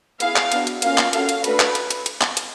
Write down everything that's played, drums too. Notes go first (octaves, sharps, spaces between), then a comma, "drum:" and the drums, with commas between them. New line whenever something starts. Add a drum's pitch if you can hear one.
B3 E4 G#4 F5, drum: hi-hat
drum: clap
B3 D4 F#4, drum: hi-hat
drum: hi-hat
A#3 C#4 F4 F5, drum: hi-hat
drum: clap
C#4 F#4 A4 F5, drum: hi-hat
drum: hi-hat
A3 D4 F#4 A4 B4, drum: hi-hat
drum: clap
drum: hi-hat
drum: hi-hat
drum: hi-hat
drum: clap
drum: hi-hat